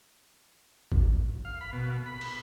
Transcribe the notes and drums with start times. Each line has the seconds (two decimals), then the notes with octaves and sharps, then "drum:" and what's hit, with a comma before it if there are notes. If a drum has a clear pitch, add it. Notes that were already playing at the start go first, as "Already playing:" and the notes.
0.92 drum: kick
1.45 F5
1.61 B5
1.73 B2
2.06 B5
2.21 drum: cymbal